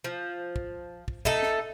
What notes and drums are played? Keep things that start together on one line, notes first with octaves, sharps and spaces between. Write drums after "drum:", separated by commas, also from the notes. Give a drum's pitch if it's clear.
F3
drum: kick
drum: kick
A3 D#4 A4, drum: kick
drum: snare